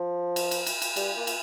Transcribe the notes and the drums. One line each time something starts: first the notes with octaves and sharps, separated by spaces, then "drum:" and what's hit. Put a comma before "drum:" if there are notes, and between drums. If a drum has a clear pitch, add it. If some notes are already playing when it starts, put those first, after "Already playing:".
Already playing: F3
drum: cymbal
drum: cymbal
drum: cymbal
drum: cymbal
G3, drum: cymbal
A#3
drum: cymbal